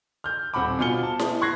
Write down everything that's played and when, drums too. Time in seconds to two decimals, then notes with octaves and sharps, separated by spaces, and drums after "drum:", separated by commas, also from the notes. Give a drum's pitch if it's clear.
0.24 F6 G6
0.54 D#1 C4 F#5 B5 D6
0.79 B2 F4 G#5 F6 C#7 G7
1.03 A5
1.19 drum: snare E4
1.42 C#6 F#6 G#6 A#6 C7